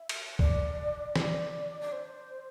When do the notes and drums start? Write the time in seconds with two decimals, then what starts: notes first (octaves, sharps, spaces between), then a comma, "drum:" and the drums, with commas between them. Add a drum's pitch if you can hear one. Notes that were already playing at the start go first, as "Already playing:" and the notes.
Already playing: E5
0.09 drum: cymbal
0.39 D5, drum: kick
1.16 D5, drum: snare E3
1.81 D5
1.92 C5